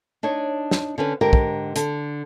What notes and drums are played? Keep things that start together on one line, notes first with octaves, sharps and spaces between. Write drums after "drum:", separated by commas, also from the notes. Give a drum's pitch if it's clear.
D4 D#4 C#5
drum: snare
D3 C#4 B4
G#2 D3 G4 A#4 G5
drum: kick
D3, drum: hi-hat